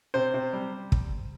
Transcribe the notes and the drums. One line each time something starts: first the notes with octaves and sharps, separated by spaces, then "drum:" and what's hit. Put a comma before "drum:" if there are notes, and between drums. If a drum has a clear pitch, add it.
C3 C5
C3
G3
drum: kick